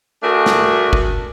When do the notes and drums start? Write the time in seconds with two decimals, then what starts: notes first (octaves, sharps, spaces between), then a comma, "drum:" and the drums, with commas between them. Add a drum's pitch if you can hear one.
0.23 A3 D4 F#4 G#4 A#4
0.46 drum: snare
0.93 drum: kick